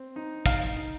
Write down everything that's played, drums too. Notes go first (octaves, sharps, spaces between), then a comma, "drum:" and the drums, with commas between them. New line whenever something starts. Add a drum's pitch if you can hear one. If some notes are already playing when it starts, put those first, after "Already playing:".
Already playing: C4
D#4
D#4 F5, drum: kick, hi-hat
D#4